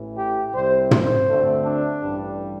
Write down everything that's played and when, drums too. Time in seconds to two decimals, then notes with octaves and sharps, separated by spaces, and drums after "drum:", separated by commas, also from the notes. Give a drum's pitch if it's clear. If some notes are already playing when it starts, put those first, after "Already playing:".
Already playing: A1 A2 E3
0.18 G4
0.54 C2 C3 G3 C4 C5
0.91 C5, drum: tom
1.27 D2 D3 A3 C4
1.64 D4
2.02 A1 G2 G3